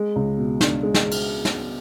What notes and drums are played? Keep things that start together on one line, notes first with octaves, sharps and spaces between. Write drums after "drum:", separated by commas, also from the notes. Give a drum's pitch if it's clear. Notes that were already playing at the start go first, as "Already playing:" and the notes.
Already playing: G#3
C#2
B2
D4, drum: snare
G#3
drum: snare
drum: cymbal
drum: snare